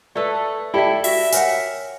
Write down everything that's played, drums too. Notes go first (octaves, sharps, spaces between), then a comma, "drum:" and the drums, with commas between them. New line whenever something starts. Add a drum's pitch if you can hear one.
A3 A4 B4 D5 E6
E4 G4 A4 D5 E5 B5
F#4 E5, drum: open hi-hat
A#4 C#5 F#5 G#5, drum: hi-hat